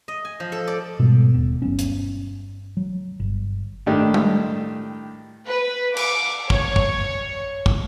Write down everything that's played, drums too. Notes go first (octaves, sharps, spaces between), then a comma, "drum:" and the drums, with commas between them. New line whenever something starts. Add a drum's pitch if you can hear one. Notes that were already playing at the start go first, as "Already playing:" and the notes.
D#5
G#5
F3
A4
D5
G#2 B2 G3 B3
D#1 B3
G1 F#3 B3 C#4
drum: hi-hat
F#3
G1
A2 D#3 D4 G4
drum: tom G3
B4
D6, drum: cymbal
C#5, drum: kick
drum: kick
drum: kick